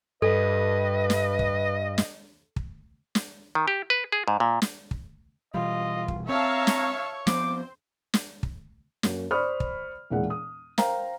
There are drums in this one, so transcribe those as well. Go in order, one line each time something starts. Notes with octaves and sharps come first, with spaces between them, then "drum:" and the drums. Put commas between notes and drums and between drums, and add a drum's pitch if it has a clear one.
G2 A4 B4 D#5
drum: snare
drum: kick
drum: snare
drum: kick
drum: snare
D#3
G4
B4
G#4
G#2
A#2
drum: snare
drum: kick
B2 E3 G3 F4 D#5
drum: kick
C4 C#5 E5 F5 A5 A#5 C#6
drum: snare
F3 B3 C4 C5 D6, drum: snare
drum: snare
drum: kick
F#2 A#3 F#4, drum: snare
C5 D5 B5 C#6 D#6 F6
drum: kick
E1 A#2 E3 G#3 F#5
D#6
A#4 C5 F5 G5 A#5, drum: snare